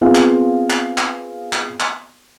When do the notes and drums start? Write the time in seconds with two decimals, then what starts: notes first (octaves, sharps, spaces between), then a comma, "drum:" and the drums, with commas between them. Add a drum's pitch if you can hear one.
0.01 B3 C4 F4 G#4 F5
0.15 drum: clap
0.70 drum: clap
0.98 drum: clap
1.53 drum: clap
1.80 drum: clap